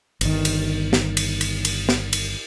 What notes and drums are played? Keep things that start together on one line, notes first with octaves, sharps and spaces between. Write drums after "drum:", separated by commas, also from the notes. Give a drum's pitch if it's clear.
G1 D#3, drum: cymbal
drum: cymbal
drum: snare
drum: cymbal
drum: cymbal
drum: cymbal
drum: snare
drum: cymbal